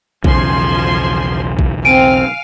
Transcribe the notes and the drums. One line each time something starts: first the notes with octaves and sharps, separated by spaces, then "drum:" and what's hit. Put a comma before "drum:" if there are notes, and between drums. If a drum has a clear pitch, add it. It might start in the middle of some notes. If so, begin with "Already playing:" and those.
B1 E2 C#3 F3 G#5 C6, drum: kick A#1
drum: kick A#1
C4 F5 G#5 D7 D#7